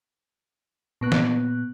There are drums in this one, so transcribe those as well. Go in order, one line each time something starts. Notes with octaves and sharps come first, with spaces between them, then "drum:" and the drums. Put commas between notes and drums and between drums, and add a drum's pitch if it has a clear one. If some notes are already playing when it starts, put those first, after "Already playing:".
A#2 B3 F#6
drum: snare